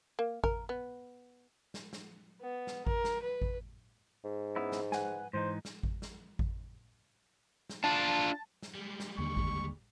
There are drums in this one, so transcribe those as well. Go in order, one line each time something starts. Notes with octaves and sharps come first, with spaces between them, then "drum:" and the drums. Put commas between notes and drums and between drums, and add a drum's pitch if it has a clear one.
A#3
A#4, drum: kick G#1
B3
drum: snare
drum: snare
B3
drum: snare
A#4, drum: kick G#1
drum: snare
B4
drum: kick G#1
G#2
B3 C#4 E4
drum: snare
B4 F#5 G#5, drum: snare
G#2 E3 D#4 C5
drum: snare
drum: kick G#1
drum: snare
drum: kick G#1
drum: snare
D4 F4 A5
drum: snare
G3 G#3
drum: snare
D#2 D3 A#3 C#6
drum: kick G#1